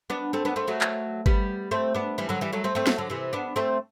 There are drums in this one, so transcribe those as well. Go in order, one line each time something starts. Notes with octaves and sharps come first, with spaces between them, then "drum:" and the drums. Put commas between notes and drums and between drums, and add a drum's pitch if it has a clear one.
B3 D4
A3 C4
B3 D4
A3 C4
F#3 A3
drum: clap
G3 B3, drum: kick G1
A3 C4
B3 D4
E3 G3
D3 F#3
E3 G3
F#3 A3
A3 C4
A3 C4
F#3 A3, drum: snare
D3 F#3
C3 E3
B3 D4
A3 C4